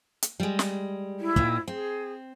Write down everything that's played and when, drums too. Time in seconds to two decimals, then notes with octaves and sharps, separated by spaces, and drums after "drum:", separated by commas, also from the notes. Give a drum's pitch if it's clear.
0.23 drum: hi-hat
0.40 G3 G#3
0.59 drum: snare
1.20 E4
1.36 A#2 C4 D#4, drum: kick
1.68 C4 G#4